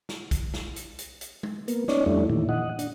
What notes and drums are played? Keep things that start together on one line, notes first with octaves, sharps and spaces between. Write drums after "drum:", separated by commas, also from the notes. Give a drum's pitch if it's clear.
drum: snare
drum: kick A#1, hi-hat
drum: snare
drum: hi-hat
drum: hi-hat
drum: hi-hat
drum: tom
A#3 B3, drum: hi-hat
C#4 D#4 C#5 D5, drum: snare
F2 G3 A3 D4 E4
A#2 D#3 E3
D#5 F#5
D4, drum: hi-hat